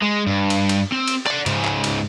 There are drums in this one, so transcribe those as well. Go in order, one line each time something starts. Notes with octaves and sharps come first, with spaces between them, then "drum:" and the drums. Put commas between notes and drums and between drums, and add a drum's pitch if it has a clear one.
G#3
G2
drum: cymbal
drum: cymbal
C4
drum: cymbal
D5 F#5, drum: clap
G#2 C#3, drum: cymbal
drum: clap
drum: cymbal